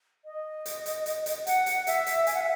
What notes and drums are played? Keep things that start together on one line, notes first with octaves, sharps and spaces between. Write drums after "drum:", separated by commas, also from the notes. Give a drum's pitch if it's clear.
D#5
drum: hi-hat
drum: hi-hat
drum: hi-hat
drum: hi-hat
F#5, drum: hi-hat
drum: hi-hat
E5, drum: hi-hat
drum: hi-hat
G#5, drum: hi-hat
F#5
E5